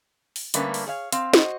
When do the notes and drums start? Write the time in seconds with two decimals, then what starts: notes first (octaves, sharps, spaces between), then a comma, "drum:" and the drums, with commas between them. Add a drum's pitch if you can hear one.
0.36 drum: open hi-hat
0.54 D3 G3 A3 A#3 C#4 B4, drum: hi-hat
0.74 drum: open hi-hat
0.86 G#4 C#5 F5
1.12 C4 F5, drum: hi-hat
1.33 F#4 C5 D#5, drum: snare